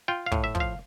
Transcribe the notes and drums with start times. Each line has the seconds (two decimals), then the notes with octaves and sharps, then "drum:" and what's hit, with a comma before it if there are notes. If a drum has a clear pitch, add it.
0.08 F4 G5
0.26 F5
0.32 A2, drum: kick
0.44 E5
0.55 F3, drum: kick
0.60 F5